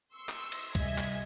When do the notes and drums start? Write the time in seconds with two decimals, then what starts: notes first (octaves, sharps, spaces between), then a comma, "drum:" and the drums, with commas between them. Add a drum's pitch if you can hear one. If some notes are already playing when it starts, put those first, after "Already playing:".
0.14 C6 C#6 E6
0.29 drum: clap
0.52 drum: cymbal
0.75 C2 G3 G#4 D#5 E5 G#6, drum: kick, cymbal
0.98 drum: clap